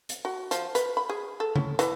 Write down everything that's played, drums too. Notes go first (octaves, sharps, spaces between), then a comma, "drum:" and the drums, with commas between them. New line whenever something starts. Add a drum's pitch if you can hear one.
drum: hi-hat
F#4
F3, drum: hi-hat
B4, drum: hi-hat
B5
G#4
A4
C#4, drum: tom C#3
E3, drum: hi-hat